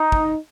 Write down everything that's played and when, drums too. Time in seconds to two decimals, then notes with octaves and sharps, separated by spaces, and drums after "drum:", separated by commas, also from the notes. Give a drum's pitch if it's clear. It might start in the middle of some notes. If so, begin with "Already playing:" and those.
Already playing: D#4
0.12 drum: kick